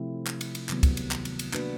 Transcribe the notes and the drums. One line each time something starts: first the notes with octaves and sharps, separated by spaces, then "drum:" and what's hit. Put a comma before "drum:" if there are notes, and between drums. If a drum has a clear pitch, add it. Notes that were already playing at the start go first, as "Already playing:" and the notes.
Already playing: C3 F3 A3 C4 E4
drum: clap
drum: cymbal
drum: cymbal
C3 D#3 F#3 B3, drum: clap
drum: kick, cymbal
drum: cymbal
drum: clap
drum: cymbal
drum: cymbal
A#3 D4 F#4 B4, drum: clap